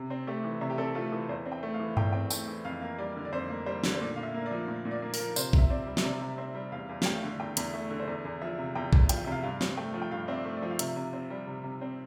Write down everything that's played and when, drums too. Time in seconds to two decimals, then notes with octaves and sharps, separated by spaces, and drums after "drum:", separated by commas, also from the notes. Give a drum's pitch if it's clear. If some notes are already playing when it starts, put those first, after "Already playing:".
Already playing: C3
0.10 C4
0.27 A3 G4
0.44 E3
0.61 C3 E5
0.70 G4
0.78 C4 A4
0.95 A3 F4
1.12 E3 A4
1.29 E2 C5
1.45 C4
1.52 G5
1.63 A3
1.74 F5
1.80 E3
1.97 E2 G5, drum: tom G2
2.13 C4 G5
2.30 A3 G5, drum: tambourine
2.48 E3
2.65 F2 F5
2.82 A#3
2.98 G3 D5
3.16 D3
3.25 D5
3.33 F2 C5
3.50 A#3
3.66 G3 C5
3.84 D3, drum: snare
3.94 C5
4.00 A#2 D5
4.16 A#2 F5
4.23 E5
4.34 A#3
4.46 D5
4.51 F3
4.68 A#2
4.85 A#2
4.91 D5
5.02 A#3
5.14 A#4, drum: open hi-hat
5.19 F3
5.36 C3 C5, drum: tambourine
5.53 C3 E5, drum: kick A#1
5.70 C4 D5
5.87 G3
5.97 E5, drum: snare
6.04 C3 D5
6.21 C3
6.38 C4 E5
6.55 G3
6.72 E2 F5
6.89 E2
7.02 F5, drum: snare
7.06 A3 G5
7.23 D3
7.40 E2 G5
7.57 E2, drum: hi-hat
7.73 A3 E5
7.90 D3
8.00 C5
8.07 E2 D5
8.25 E2
8.42 F3 E5
8.58 C3
8.75 E2 G5
8.93 E2, drum: kick A#1
9.09 F3 G5, drum: hi-hat
9.17 F5
9.24 C3 E5
9.32 F5
9.43 G2 F5
9.61 C4, drum: snare
9.77 A3 G5
9.94 F3
10.02 G5
10.11 G2 F5
10.28 C4 E5
10.33 D5
10.45 A3
10.57 D5
10.62 F3
10.70 F5
10.79 C3 E5, drum: hi-hat
10.96 C3
11.13 C4
11.30 G3
11.47 C3
11.64 C3
11.81 C4